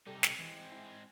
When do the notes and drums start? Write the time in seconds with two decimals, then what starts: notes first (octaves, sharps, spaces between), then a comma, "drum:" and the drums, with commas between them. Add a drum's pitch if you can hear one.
0.07 C3 G3 D#4 G4 A4
0.23 drum: snare
0.36 E3 G#3 C4 C7
0.72 E4